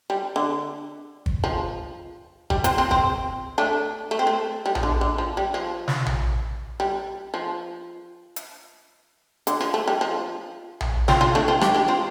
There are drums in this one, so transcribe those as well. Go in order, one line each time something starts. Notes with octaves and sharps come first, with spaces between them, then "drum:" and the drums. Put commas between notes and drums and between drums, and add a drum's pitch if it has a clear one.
G3
D3
drum: kick
F3
G3, drum: kick
C4 F4, drum: hi-hat
C4 F4
C4, drum: kick
A3 D4
A3
C4
A3
G3
F3, drum: tom A#1
D3
D3
F3
G3
F3
drum: snare
drum: tom A#1
G3
F3
drum: hi-hat
D3, drum: hi-hat
F3
A3
G3
F3
drum: tom A#1
C4 F4, drum: snare
C4 F4
A3 D4
C4 F4
D4 G4, drum: rim click
D4 G4
C4 F4